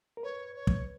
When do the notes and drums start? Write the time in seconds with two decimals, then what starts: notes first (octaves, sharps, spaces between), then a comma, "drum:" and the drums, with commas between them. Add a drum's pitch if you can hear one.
0.17 A#4
0.23 B4 C#5
0.56 C#5
0.67 drum: kick